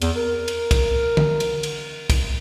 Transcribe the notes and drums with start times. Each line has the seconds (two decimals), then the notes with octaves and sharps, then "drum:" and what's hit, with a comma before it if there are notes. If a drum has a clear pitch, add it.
0.02 E2, drum: cymbal
0.16 A#4
0.48 drum: cymbal
0.71 drum: kick, cymbal
1.17 drum: tom
1.40 drum: cymbal
1.63 drum: cymbal
2.10 drum: kick, cymbal